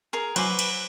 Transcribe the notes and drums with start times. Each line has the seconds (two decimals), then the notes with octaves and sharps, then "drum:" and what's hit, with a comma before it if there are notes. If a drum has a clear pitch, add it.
0.13 G#4 A#4
0.36 F#3 B4 C5 G#5 D6, drum: cymbal
0.59 drum: cymbal